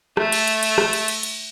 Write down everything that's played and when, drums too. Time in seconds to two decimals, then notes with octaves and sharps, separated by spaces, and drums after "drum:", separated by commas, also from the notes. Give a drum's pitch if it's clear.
0.17 A3, drum: rim click
0.32 drum: cymbal
0.48 drum: cymbal
0.63 drum: cymbal
0.78 drum: rim click
0.93 drum: cymbal
1.08 drum: cymbal
1.23 drum: cymbal